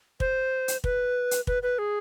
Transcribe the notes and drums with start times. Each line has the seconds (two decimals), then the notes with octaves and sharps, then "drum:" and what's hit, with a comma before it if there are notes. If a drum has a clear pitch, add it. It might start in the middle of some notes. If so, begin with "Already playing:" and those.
0.20 C5, drum: kick
0.68 drum: hi-hat
0.84 B4, drum: kick
1.31 drum: hi-hat
1.47 B4, drum: kick
1.63 B4
1.79 G#4